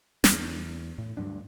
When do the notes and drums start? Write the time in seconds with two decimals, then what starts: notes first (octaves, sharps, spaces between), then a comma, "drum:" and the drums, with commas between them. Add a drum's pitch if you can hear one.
0.24 E2, drum: snare
0.98 A2
1.17 D2 G2 F#3 D4